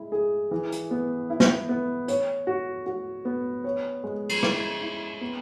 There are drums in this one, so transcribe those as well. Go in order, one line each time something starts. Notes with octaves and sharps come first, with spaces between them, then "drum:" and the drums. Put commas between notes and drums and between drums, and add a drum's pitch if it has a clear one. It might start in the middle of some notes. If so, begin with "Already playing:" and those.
Already playing: G#3 E4
G#4
E3
drum: hi-hat
B3
E4
drum: snare
B3
C#5, drum: hi-hat
F#4
F#4
B3
C#5
G#3
drum: cymbal
E4, drum: rim click
E4
B3